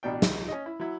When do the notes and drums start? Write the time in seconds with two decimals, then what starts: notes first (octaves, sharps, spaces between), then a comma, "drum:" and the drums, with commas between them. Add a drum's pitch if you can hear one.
0.03 A1 B2 D4 G5
0.22 D#4, drum: snare
0.48 C#4 D#5
0.66 E4
0.80 F#3 E4